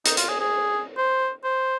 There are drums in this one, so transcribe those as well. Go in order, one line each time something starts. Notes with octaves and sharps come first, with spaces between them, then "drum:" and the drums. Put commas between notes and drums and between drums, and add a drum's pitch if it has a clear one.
D#4, drum: hi-hat
F4, drum: hi-hat
G#4
G#4
C5
C5